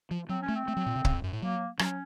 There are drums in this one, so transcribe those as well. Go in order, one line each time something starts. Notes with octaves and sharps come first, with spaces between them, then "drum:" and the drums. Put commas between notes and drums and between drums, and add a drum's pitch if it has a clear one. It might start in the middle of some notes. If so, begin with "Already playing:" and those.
F3
F#3 C4
C#4
A3
C4
A3
F#3
A#2
C3
C#3, drum: kick
F2
F#2
A2
F#3 A#3
F#3 C#4, drum: rim click